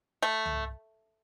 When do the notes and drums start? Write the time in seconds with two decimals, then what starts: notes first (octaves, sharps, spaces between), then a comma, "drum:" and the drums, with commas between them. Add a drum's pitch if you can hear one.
0.22 A3
0.46 drum: tom